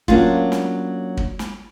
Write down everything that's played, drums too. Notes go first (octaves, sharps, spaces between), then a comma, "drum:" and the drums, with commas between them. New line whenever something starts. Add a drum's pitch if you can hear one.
F#3 A#3 C#4 D4 F4, drum: kick
drum: snare
drum: kick
drum: snare